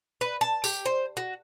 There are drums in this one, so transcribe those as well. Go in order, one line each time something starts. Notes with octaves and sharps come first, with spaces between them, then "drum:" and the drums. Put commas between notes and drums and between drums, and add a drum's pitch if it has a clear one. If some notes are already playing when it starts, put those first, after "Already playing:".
B4
A5
G4, drum: tambourine
C5
F#4